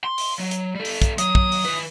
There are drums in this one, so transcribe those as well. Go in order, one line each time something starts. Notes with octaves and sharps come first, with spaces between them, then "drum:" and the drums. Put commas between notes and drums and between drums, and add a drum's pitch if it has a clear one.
C6
drum: open hi-hat
F#3
drum: hi-hat
G3 A4
drum: open hi-hat
drum: kick, hi-hat
F#3 D#6, drum: hi-hat
drum: kick
drum: open hi-hat
D#3 B4